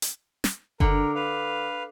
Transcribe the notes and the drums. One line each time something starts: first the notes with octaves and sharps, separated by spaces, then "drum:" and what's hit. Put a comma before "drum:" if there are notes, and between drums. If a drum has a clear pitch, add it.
drum: hi-hat
drum: snare
D3 A#4, drum: kick F#1
B4 F5